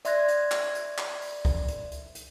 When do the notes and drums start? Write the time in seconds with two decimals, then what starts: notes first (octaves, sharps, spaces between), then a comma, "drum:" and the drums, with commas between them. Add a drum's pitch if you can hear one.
0.05 D5 E5 C6 F#6 G#6 A#6, drum: hi-hat
0.28 drum: hi-hat
0.51 drum: clap
0.75 drum: hi-hat
0.98 drum: clap
1.21 drum: open hi-hat
1.45 drum: kick, open hi-hat
1.68 drum: hi-hat
1.92 drum: hi-hat
2.15 drum: hi-hat